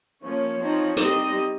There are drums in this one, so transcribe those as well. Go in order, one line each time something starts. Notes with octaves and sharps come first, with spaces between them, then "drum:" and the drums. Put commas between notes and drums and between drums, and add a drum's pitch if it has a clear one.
F3 A#3 C#4 C#5
F3 C4 D#4
G3 C4 D#4 D#5, drum: hi-hat